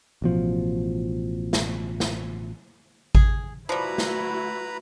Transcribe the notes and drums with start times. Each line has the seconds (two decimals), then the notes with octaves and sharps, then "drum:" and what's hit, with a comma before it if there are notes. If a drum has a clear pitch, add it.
0.22 A1 B2 F3
1.53 drum: snare
2.00 drum: snare
3.15 G#4, drum: kick G#1
3.69 F3 G3 A3 E4 F#4 B4 A#5 B5
3.98 drum: snare